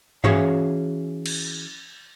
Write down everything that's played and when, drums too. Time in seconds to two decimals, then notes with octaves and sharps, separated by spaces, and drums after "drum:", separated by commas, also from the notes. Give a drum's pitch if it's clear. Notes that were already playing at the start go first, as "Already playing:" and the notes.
0.24 E3 C#4 F#4 G#4 C#5 F5, drum: tom G2
1.26 drum: cymbal